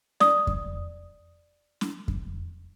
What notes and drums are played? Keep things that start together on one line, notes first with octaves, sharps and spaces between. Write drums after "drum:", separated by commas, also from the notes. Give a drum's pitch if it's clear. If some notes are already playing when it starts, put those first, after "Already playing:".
D5 D#6, drum: snare
drum: kick F2
drum: snare
drum: kick F2